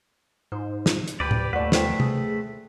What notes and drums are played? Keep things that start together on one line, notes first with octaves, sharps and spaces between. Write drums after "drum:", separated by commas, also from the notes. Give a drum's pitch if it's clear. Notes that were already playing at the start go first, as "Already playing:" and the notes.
G#2 C5
drum: snare
drum: hi-hat
D2 G4 B4 D5
drum: tom A2
D#2 A3 B4 D5 F#5
A4 C5 G5, drum: snare
G#4, drum: tom